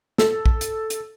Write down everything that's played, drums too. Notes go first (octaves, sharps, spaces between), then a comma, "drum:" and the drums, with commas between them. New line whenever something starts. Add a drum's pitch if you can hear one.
A4, drum: snare
drum: kick A#1
drum: hi-hat
drum: hi-hat